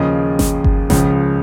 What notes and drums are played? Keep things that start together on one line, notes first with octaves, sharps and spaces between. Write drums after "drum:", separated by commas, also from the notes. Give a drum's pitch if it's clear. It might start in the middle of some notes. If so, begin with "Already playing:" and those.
Already playing: D#2 C#3 F3 D#5
drum: snare G1
drum: kick G1
C#2 C#3 F3, drum: snare G1